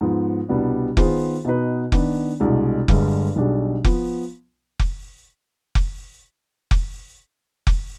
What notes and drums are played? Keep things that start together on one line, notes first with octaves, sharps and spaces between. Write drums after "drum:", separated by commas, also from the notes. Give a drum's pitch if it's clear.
G#2 F3 B3
C2 B2 G3 B3 D4
D#3 B3 F4 G#4 C5, drum: kick F1
B2 B3 D#4 B4
D#3 B3 D4, drum: kick F1
C2 B2 G#3 D4
G1 G2 D3 G#3, drum: kick F1
B1 B2 G3 D4 G#4
F3 B3, drum: kick F1
drum: kick F1
drum: kick F1
drum: kick F1
drum: kick F1